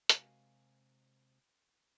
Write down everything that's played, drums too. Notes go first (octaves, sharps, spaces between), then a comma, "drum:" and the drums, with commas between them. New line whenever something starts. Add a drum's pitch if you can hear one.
C3 G#3 F#4 A#4 F5 G#5, drum: hi-hat